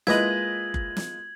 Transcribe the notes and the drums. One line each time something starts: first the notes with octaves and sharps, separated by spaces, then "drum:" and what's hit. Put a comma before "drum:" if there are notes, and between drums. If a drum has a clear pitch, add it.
G#3 A#3 E4 F4 B4 D#5 G#6 F#7, drum: snare
drum: kick F#1
drum: snare